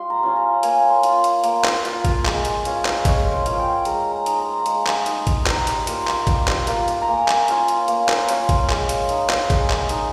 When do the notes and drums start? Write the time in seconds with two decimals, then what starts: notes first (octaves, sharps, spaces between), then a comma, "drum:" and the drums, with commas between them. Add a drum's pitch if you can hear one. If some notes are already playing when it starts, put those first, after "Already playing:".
Already playing: G3 F4 C6
0.10 A#5
0.23 C#4 F4
0.36 A#5
0.63 A#3 G#5, drum: hi-hat
0.90 C6
1.03 F4, drum: hi-hat
1.24 drum: hi-hat
1.44 A#3, drum: hi-hat
1.64 drum: clap
1.85 F4, drum: hi-hat
2.05 drum: kick, hi-hat
2.25 G#3, drum: clap
2.45 drum: hi-hat
2.65 C#4 F4, drum: hi-hat
2.85 drum: clap
3.05 G#3 C#5, drum: kick, hi-hat
3.31 C5
3.46 C#4 F4, drum: hi-hat
3.59 G5
3.85 G#3 A#5, drum: hi-hat
4.12 A#5
4.26 D#4, drum: hi-hat
4.40 A#5
4.66 G#3, drum: hi-hat
4.86 drum: clap
5.06 D#4, drum: hi-hat
5.27 drum: kick, hi-hat
5.46 G3 A#5, drum: clap
5.67 drum: hi-hat
5.87 A#3 F4, drum: hi-hat
6.07 drum: clap
6.27 G3, drum: kick, hi-hat
6.48 drum: clap
6.67 A#3 F4, drum: hi-hat
6.88 drum: hi-hat
7.01 A#5
7.08 A#3 G#5
7.28 drum: clap
7.48 C#4 F4, drum: hi-hat
7.68 drum: hi-hat
7.88 A#3, drum: hi-hat
8.09 drum: clap
8.29 C#4 F4, drum: hi-hat
8.49 drum: kick, hi-hat
8.69 G#3, drum: clap
8.89 drum: hi-hat
9.09 D#4, drum: hi-hat
9.29 drum: clap
9.50 G#3, drum: kick, hi-hat
9.70 drum: clap
9.89 D#4, drum: hi-hat